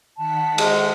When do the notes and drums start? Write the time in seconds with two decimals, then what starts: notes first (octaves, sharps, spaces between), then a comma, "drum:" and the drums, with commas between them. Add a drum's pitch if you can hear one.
0.17 D#3 F#5 A5 B6
0.58 G#3, drum: cymbal